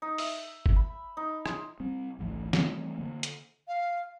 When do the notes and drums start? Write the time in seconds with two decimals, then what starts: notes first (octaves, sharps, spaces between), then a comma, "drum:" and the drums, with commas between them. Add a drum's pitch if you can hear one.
0.02 D#4
0.18 E5, drum: open hi-hat
0.66 drum: kick G1
0.76 B5
1.17 D#4
1.46 C6, drum: rim click
1.80 G3 C4
2.19 G#1 C#2 E3 A3
2.53 E3 G3 A3 C4, drum: snare
2.98 D3 A#3
3.23 drum: hi-hat
3.68 F5